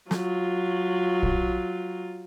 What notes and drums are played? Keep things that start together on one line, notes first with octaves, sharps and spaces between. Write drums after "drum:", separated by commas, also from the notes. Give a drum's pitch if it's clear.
F#3 F4, drum: snare
drum: kick A#1